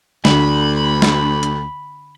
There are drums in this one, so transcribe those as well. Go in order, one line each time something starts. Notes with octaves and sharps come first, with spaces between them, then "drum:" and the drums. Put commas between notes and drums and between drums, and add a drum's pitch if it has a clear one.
D2 D3 B5, drum: snare
drum: snare
drum: hi-hat